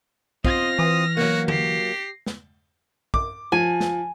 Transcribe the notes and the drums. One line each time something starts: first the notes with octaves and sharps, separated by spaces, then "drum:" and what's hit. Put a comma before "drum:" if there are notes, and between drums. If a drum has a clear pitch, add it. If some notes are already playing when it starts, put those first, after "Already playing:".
C4 F4 D#5 F6 A#6, drum: kick
E3 D#6
F#3 A#3 F#4
G4 A#6 C7, drum: tom D3
drum: snare
D6, drum: kick
F3 G#5
drum: snare